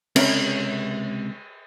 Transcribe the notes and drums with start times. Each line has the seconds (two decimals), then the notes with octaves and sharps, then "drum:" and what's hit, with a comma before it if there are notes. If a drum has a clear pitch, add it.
0.16 C#2 C3 C#4 A#4 B5, drum: cymbal